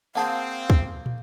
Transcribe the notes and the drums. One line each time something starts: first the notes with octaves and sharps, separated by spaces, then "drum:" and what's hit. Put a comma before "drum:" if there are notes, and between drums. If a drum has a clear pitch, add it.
A#3 C4 G#4 C5 F5 F#5 A5
drum: kick
drum: tom